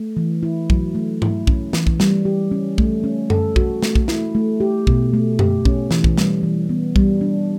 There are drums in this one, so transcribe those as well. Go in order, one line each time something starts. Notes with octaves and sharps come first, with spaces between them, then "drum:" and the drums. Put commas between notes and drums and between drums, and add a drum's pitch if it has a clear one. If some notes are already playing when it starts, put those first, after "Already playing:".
Already playing: A3
E3
E4
F#3, drum: kick
A3
E4, drum: tom G#2
C#4, drum: kick
E3, drum: snare
drum: kick
G3, drum: snare
G4
C#4
A3, drum: kick
C#4
A4, drum: tom F#2
F#4, drum: kick
A3, drum: snare
drum: kick
E4, drum: snare
A3
G4
B2, drum: kick
A3
G4, drum: tom F#2
C#4, drum: kick
E3, drum: snare
drum: kick
G3, drum: snare
E3
B3
G3, drum: kick
D4